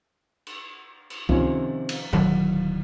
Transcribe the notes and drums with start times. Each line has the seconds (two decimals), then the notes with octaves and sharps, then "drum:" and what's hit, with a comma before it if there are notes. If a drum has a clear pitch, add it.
0.47 drum: cymbal
1.10 drum: cymbal
1.29 C3 D#3 F3 C#4 F4, drum: kick C#2
1.89 drum: cymbal
2.13 D1 D#3 F#3 F#5, drum: tom A2